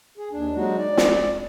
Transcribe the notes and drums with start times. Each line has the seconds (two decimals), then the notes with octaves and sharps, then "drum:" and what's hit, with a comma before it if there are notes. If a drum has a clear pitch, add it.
0.18 G#4
0.32 D#2 D4
0.55 F#3 G#3 D#4 F#4
0.78 D5
0.97 drum: snare